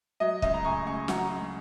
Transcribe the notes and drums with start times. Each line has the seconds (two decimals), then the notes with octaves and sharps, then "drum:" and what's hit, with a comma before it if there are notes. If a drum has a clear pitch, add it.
0.20 F#3 D#5
0.42 C#2 D#5, drum: kick
0.54 A#5
0.65 C#2 G#5 C#6
0.86 C#3 G#5 C#6
1.08 F#3 F#5 A#5, drum: snare
1.30 C#2